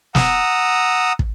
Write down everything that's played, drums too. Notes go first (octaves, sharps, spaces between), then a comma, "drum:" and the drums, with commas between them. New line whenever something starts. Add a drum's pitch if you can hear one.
F#5 A#5 D#6 E6, drum: snare
drum: kick